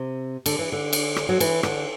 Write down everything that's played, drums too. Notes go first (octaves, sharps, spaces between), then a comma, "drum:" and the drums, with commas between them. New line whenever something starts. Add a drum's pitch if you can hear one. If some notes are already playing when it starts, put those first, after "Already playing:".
Already playing: C3
D3, drum: cymbal
E3
D3
drum: cymbal
drum: rim click
F#3
E3, drum: cymbal
D3, drum: rim click